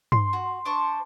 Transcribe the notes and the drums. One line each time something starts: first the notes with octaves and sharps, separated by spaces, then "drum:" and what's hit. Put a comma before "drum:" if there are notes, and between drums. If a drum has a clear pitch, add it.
C6, drum: tom G2
F#4
D4 C5 C#6